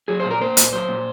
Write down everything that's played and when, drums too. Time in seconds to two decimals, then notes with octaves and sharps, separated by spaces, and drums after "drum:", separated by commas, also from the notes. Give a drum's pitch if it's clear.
0.08 F#3 G#4
0.20 C5
0.25 A#2
0.31 A#4
0.41 A#3 C5
0.57 A#2, drum: hi-hat
0.73 F#3 C5
0.89 A#2